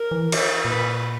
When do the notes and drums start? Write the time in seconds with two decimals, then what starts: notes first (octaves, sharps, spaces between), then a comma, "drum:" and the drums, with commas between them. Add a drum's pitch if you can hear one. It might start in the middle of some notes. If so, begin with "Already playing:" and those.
Already playing: A#4
0.11 E3
0.32 drum: cymbal
0.65 A#2 B4